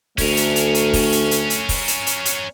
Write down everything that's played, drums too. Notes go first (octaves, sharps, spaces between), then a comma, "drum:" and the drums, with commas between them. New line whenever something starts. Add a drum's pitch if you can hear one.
D2 A3 C#4 A#4, drum: kick, open hi-hat
drum: hi-hat
drum: hi-hat
drum: hi-hat
drum: kick, open hi-hat
drum: hi-hat
drum: hi-hat
drum: hi-hat
drum: kick, open hi-hat
drum: hi-hat
drum: hi-hat
drum: hi-hat